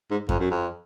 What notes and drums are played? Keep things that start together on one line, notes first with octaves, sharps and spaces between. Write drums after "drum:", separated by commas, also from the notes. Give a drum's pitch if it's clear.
G#2
F2, drum: kick F#2
F#2
F2